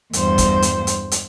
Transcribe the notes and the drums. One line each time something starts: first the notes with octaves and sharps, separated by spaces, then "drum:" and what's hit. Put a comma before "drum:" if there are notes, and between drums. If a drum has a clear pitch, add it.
E2 G2 C5, drum: hi-hat
drum: kick G1, hi-hat
drum: hi-hat
drum: hi-hat
drum: hi-hat